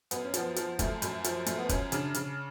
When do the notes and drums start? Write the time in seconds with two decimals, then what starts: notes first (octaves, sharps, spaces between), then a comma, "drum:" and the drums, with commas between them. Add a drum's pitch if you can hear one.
0.11 F#2 B3, drum: hi-hat
0.24 C#4
0.34 F3 B3, drum: hi-hat
0.56 F3, drum: hi-hat
0.79 F#2 A3, drum: kick, hi-hat
1.02 F#2, drum: hi-hat
1.24 F3, drum: hi-hat
1.46 F#2 A3, drum: hi-hat
1.58 B3
1.69 F#2 C#4, drum: kick, hi-hat
1.92 C#3 D4, drum: hi-hat
2.14 C#3, drum: hi-hat